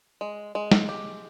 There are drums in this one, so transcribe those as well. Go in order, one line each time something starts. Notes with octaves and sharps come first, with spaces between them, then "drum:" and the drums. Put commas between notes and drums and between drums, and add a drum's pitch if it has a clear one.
G#3
G#3
drum: snare
G4